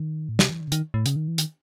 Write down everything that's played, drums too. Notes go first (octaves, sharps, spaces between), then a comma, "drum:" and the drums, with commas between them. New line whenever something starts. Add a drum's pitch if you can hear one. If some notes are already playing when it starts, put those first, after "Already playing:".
Already playing: D#3
A2
C3, drum: snare
E3
D#3
C#3
D#3, drum: hi-hat
A2
C#3, drum: hi-hat
D#3
E3
D#3, drum: hi-hat